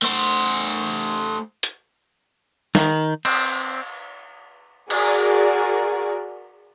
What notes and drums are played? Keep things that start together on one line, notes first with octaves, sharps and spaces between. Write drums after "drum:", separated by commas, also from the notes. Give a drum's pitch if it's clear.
A3 C5
drum: hi-hat
D#3, drum: snare
C4, drum: cymbal
F#4 G#4 A#4 D5, drum: cymbal